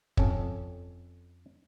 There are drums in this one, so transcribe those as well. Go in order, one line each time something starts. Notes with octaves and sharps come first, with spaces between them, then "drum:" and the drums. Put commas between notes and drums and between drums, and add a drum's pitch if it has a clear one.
F2 C#4 A4, drum: kick